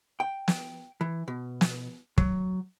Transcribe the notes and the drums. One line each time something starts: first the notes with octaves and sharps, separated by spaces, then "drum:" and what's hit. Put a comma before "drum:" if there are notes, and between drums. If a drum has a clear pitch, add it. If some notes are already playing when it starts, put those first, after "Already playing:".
G5
drum: snare
E3
B2
drum: snare
F#3, drum: kick